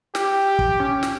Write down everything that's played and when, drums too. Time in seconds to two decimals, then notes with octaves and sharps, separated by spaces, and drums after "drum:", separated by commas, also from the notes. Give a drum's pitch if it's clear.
0.15 G4, drum: snare
0.59 drum: kick
0.80 C#4
1.03 drum: snare